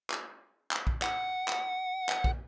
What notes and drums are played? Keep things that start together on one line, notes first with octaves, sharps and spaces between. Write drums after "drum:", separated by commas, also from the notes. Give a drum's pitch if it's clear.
drum: clap
drum: clap
drum: kick A#1
F#5, drum: clap
drum: clap
drum: clap
drum: kick A#1